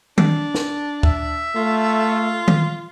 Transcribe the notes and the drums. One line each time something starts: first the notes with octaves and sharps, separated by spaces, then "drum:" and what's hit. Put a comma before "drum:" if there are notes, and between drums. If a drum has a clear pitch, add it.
D4, drum: tom D#3
drum: snare
E5, drum: kick
A3 F4
drum: tom D#3